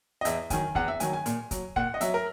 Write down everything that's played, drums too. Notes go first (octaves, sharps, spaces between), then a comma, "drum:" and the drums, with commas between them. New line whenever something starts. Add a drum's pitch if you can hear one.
D#5
E2 E5, drum: hi-hat
D#3 F#3 G#5, drum: kick, hi-hat
E2 F#5, drum: kick
E5
D#3 F#3 G#5, drum: hi-hat
G#5
A#2, drum: hi-hat
F#3, drum: kick, hi-hat
A#2 F#5, drum: kick
D#5
F#3 E5, drum: hi-hat
A#4